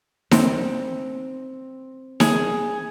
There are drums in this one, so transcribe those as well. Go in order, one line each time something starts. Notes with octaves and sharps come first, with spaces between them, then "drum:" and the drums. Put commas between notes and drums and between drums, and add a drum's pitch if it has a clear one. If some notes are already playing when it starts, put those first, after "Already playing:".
C4, drum: snare D#4
G#4, drum: snare D#4